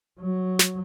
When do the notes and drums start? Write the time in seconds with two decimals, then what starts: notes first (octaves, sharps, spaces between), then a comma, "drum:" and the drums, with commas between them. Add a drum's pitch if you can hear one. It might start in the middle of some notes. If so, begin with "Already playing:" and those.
0.21 F#3
0.59 drum: snare